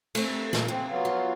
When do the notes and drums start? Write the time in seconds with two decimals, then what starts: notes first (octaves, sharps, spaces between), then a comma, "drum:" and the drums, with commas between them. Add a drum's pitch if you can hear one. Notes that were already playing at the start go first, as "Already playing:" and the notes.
0.15 A3 C4, drum: cymbal
0.53 A#2, drum: snare
0.68 C#3 C4
0.88 F#3 B3 F4
1.05 F3